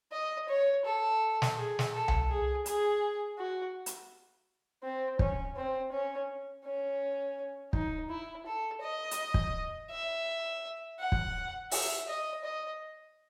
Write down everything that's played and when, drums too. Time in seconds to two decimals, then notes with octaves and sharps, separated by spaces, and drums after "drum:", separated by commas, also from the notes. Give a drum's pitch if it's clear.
0.12 D#5
0.48 C#5
0.85 A4
1.42 drum: snare
1.57 G#4
1.79 drum: snare
1.93 A4
2.08 drum: tom C2
2.30 G#4
2.66 G#4, drum: hi-hat
3.38 F#4
3.86 drum: hi-hat
4.83 C4
5.19 C#4, drum: kick
5.56 C4
5.92 C#4
6.64 C#4
7.73 D#4, drum: kick
8.09 E4
8.46 A4
8.82 D#5
9.11 drum: hi-hat
9.34 drum: kick
9.91 E5
10.99 F#5
11.12 drum: kick
11.71 E5, drum: open hi-hat
12.08 D#5
12.44 D#5